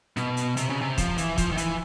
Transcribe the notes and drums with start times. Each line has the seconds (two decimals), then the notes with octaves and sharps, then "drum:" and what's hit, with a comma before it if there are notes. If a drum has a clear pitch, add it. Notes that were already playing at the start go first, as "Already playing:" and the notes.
0.17 B2, drum: snare
0.37 drum: hi-hat
0.57 C3, drum: hi-hat
0.69 C#3
0.81 C3
0.98 F3, drum: kick, hi-hat
1.18 E3, drum: hi-hat
1.38 F3, drum: kick, hi-hat
1.52 D#3
1.58 E3, drum: hi-hat